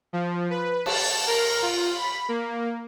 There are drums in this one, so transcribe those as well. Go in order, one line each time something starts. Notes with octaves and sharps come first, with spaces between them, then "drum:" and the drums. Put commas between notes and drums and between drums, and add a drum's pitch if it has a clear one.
F3
B4
A5, drum: cymbal
A#4
F4
B5
A#3